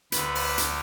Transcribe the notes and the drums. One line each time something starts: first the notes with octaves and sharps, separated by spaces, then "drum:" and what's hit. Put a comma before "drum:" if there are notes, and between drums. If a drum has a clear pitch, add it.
D2 D3 B4, drum: hi-hat
drum: open hi-hat
drum: hi-hat